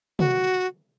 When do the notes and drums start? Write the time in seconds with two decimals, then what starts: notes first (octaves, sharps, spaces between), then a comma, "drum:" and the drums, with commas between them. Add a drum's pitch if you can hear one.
0.19 F#4, drum: tom